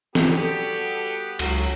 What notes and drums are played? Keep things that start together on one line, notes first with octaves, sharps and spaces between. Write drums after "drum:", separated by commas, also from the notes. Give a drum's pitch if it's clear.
G3 B3 F#4 G4 A4, drum: snare
C#2 F#3, drum: cymbal